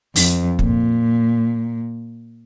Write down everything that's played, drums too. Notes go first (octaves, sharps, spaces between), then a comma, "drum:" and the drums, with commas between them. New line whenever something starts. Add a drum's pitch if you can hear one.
F2, drum: open hi-hat
A#2, drum: kick